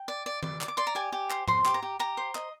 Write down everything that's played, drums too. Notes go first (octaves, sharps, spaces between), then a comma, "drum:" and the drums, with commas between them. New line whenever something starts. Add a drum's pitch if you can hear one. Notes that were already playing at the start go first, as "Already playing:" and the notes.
Already playing: G5
D5
D5
D5, drum: tom
D5, drum: clap
D6
D5 C6
A#5
G4 G#5
G4
C5, drum: clap
C5 C6, drum: tom G#2
G4, drum: clap
A#5
G4
G4 A#5
C5
D#5, drum: clap